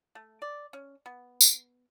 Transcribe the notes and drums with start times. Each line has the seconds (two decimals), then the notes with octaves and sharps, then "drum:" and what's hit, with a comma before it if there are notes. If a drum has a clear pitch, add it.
0.15 A3
0.42 D5
0.73 C#4
1.06 B3
1.41 drum: tambourine